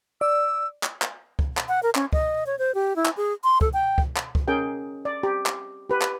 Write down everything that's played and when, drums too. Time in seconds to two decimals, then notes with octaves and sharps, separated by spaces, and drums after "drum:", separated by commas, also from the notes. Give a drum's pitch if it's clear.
0.21 D5 E6
0.83 drum: clap
1.02 drum: clap
1.39 drum: kick C#2
1.57 drum: clap
1.68 F#5
1.83 A#4
1.95 C#4, drum: clap
2.13 D#5, drum: kick C#2
2.46 C#5
2.59 C5
2.74 G4
2.96 E4
3.05 drum: clap
3.17 G#4
3.44 C6
3.61 A4, drum: kick C#2
3.73 G5
3.98 drum: kick C#2
4.16 drum: clap
4.35 drum: kick C#2
4.48 C#4 G#4 A#4 G5
5.05 D5
5.23 G4
5.46 drum: clap
5.89 G4 B4
6.02 drum: clap